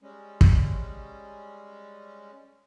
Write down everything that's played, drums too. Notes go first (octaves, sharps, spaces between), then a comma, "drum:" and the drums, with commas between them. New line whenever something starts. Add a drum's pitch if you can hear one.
G3 G#3 C#4
drum: kick